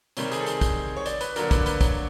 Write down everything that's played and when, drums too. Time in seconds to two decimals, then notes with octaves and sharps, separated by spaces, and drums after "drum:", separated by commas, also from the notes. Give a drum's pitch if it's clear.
0.17 C3 D#3 G3 C4 C#5, drum: hi-hat
0.32 G#4, drum: hi-hat
0.40 A4
0.46 G#4, drum: hi-hat
0.61 drum: kick, hi-hat
0.97 C#5
1.06 D5, drum: hi-hat
1.21 B4, drum: hi-hat
1.36 D3 F#3 A#3 D4 A#4, drum: hi-hat
1.51 B4, drum: kick, hi-hat
1.66 B4, drum: hi-hat
1.81 C#5, drum: kick, hi-hat